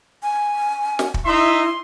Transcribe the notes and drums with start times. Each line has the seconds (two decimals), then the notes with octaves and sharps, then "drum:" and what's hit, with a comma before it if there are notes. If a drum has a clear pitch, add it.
0.23 G#5
0.99 drum: snare
1.14 drum: kick
1.25 D#4 E4 E5 C6